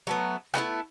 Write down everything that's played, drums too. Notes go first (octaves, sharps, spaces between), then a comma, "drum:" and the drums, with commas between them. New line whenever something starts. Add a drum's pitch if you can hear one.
F#3 A3 B3
A3 B3 D#4 E4, drum: rim click